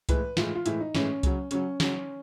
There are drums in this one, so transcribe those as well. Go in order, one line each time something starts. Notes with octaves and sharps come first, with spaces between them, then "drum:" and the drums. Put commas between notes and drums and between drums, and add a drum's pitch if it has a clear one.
A2 E3 G#3 B4, drum: kick C2, hi-hat
A2 E3 G#3 F4, drum: snare
F4
A2 E3 G#3 E4, drum: hi-hat
D#4
A2 E3 G#3 C#4, drum: snare
C#3 F#3, drum: kick C2, hi-hat
C#3 F#3 C#4, drum: hi-hat
C#3 F#3 C#4, drum: snare